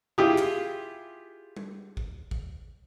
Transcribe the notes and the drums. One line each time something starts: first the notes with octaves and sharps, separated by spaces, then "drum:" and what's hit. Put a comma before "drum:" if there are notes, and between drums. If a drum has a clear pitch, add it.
E4 F4 G4 G#4, drum: tom C3
drum: clap
drum: tom G3
drum: kick A1
drum: kick A1